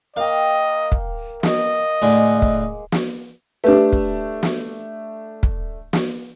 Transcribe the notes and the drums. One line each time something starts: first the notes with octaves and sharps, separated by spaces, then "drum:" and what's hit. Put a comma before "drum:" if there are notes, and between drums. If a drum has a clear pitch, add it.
A#3 D#5 F5 G5
drum: kick
D#5, drum: snare
A2 D3 G#3 D4 D6
drum: kick
drum: snare
A3 D4 G4 B4
drum: kick
drum: snare
drum: kick
drum: snare